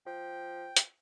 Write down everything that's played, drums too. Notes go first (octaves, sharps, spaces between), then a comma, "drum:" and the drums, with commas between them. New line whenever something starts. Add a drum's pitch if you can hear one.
F3 G5
drum: hi-hat